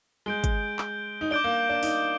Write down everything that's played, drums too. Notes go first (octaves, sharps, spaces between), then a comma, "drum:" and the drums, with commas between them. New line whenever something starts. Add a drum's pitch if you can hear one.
G#3 G6 D7 G7
drum: kick, hi-hat
drum: clap
D#4
D4 D6 G6 D7 G7
A#3
D4
D#4, drum: open hi-hat